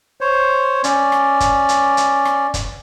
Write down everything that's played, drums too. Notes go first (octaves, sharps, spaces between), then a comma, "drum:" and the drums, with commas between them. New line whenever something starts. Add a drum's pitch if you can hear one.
C5 C#5
C#4 D5, drum: hi-hat
drum: rim click
drum: kick, hi-hat
drum: hi-hat
drum: hi-hat
drum: rim click
drum: kick, hi-hat